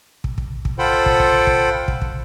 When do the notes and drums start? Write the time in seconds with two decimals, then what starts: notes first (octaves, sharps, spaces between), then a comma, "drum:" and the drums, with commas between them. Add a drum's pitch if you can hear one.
0.24 drum: kick
0.38 drum: kick
0.65 drum: kick
0.79 F4 A4 C5 F#5 G5 B5
1.06 drum: kick
1.20 drum: kick
1.47 drum: kick
1.88 drum: kick
2.02 drum: kick